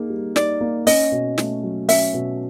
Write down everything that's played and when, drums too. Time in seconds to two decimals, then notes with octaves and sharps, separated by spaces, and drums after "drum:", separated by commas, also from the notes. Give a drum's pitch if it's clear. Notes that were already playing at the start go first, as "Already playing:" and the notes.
Already playing: A#3 D#4 G#4
0.10 G3
0.36 D#4 D5, drum: snare
0.61 A#3
0.87 C#4 D#5, drum: open hi-hat
1.12 B2
1.38 A3, drum: snare
1.63 F#3
1.89 C#4 E5, drum: open hi-hat
2.14 B2